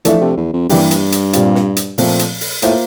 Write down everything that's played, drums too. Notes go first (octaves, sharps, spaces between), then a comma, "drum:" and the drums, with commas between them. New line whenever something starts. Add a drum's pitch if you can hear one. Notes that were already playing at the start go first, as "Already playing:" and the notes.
E3 F3 A3 D4 A4 E5, drum: hi-hat
C3
E2
F2
G2 E3 A#3 E4 G4 D5, drum: open hi-hat
drum: hi-hat
drum: hi-hat
A#2 G3 C4 F4, drum: hi-hat
drum: snare
drum: hi-hat
A#2 F3 A3 C4, drum: open hi-hat
drum: hi-hat
drum: open hi-hat
A2 A#3 F4 C5 E5, drum: hi-hat